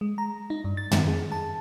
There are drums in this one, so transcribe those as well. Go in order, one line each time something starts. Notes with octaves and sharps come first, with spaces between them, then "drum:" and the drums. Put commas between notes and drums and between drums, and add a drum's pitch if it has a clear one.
G#3
A#5
D#4
G2
A6
D#3, drum: tom
G#4
A5